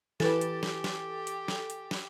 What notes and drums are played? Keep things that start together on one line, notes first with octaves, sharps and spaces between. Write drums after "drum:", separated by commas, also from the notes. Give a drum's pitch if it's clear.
E3 G4 A4 B4 G#5 A6, drum: snare
drum: hi-hat
drum: snare
drum: snare
drum: hi-hat
drum: snare
drum: hi-hat
drum: snare